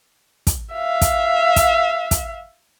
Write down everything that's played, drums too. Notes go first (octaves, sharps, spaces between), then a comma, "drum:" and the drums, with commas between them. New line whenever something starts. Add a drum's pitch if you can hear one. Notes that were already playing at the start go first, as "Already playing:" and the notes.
drum: kick, hi-hat
E5 F5
drum: kick, hi-hat
drum: kick, hi-hat
drum: kick, hi-hat